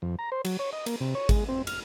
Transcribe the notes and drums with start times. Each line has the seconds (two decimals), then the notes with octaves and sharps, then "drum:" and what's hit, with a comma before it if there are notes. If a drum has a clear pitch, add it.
0.02 F2
0.19 A#5
0.32 C5
0.45 F#3, drum: cymbal
0.59 C#5
0.73 D#5
0.86 A#3, drum: cymbal
1.01 C3
1.15 C#5
1.29 G#3, drum: kick G#1, cymbal
1.48 C4
1.67 F6, drum: cymbal